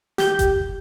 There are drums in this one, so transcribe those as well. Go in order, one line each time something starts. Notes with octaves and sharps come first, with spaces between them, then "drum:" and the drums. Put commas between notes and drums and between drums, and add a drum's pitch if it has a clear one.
G4 G6, drum: snare
drum: kick F#1, hi-hat